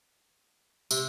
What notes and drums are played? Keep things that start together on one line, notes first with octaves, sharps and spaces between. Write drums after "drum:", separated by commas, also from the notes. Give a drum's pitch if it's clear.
C3, drum: tambourine